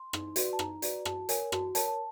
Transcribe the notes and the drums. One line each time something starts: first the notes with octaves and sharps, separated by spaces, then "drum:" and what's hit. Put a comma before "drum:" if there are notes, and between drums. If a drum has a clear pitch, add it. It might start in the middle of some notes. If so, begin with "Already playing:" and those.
Already playing: C6
D#4, drum: rim click
F#4 B4 D5, drum: hi-hat
A5
D#4 A#5, drum: rim click
F#4 B4 D5, drum: hi-hat
F#4 A5, drum: rim click
A#4 C#5 G#5, drum: hi-hat
F#4 A5, drum: rim click
A#4 C#5 A5, drum: hi-hat
A5